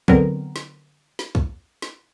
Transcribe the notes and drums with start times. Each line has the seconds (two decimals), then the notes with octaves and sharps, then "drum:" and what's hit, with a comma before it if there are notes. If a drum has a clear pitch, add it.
0.08 D3 F#3 B3 C4 A#4, drum: kick
0.56 drum: snare
1.19 drum: snare
1.35 drum: kick
1.82 drum: snare